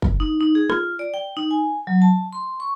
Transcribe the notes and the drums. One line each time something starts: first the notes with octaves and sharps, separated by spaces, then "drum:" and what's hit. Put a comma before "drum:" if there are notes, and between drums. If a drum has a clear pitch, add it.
drum: kick F#1
D#4
D#4
G#4
F4, drum: rim click
D5
G5
D#4
G#5
F#3
A5
C6
C#6